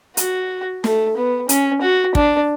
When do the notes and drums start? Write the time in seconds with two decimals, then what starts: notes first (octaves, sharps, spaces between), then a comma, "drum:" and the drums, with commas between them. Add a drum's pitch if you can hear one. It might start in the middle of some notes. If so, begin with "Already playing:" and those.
0.17 F#4, drum: hi-hat
0.84 A3, drum: snare
1.17 B3
1.49 C#4, drum: hi-hat
1.82 F#4
2.15 D4, drum: kick